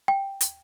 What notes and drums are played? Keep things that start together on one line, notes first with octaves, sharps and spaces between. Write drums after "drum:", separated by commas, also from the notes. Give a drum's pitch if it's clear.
G5
drum: hi-hat